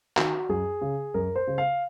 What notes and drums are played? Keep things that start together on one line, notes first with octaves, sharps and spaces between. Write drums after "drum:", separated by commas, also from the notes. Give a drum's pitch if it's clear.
D#3 F#4, drum: clap
F#2 G#4
C#3
F#2 A#4
C5
C#3
F5